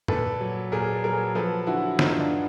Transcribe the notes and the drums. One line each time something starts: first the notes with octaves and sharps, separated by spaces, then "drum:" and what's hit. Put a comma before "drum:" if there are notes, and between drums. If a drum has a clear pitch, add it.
A#2 A4 B4, drum: tom
F#3
A#2 G#4 A#4
F#3 G#4 A#4
F3 A4 B4
D3 E4 F#4
G2 D#4 F4, drum: snare
D4